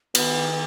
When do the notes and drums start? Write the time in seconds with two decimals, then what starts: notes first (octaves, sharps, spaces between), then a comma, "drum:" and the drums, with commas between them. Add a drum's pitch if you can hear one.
0.15 D#3 B3, drum: cymbal